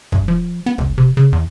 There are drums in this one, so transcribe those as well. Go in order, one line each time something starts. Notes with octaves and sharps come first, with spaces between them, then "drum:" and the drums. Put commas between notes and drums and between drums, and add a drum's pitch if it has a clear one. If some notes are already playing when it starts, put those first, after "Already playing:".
G2, drum: kick
F3
B3
C#2, drum: kick
C3
C#3
E2